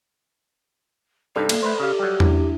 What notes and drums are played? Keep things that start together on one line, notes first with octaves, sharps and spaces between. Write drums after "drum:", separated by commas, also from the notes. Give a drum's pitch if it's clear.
G2 C3 D#4 A4 D5
A#3, drum: cymbal
A3 B4 C5
C#3 G4 F5
F#3 G3
D4 E4, drum: tom E2